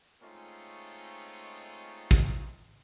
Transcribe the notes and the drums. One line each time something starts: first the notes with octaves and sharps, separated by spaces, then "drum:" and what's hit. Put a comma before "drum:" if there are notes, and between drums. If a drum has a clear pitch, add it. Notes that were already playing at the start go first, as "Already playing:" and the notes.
G#3 A3 C4 C#4 D#4 F4
drum: kick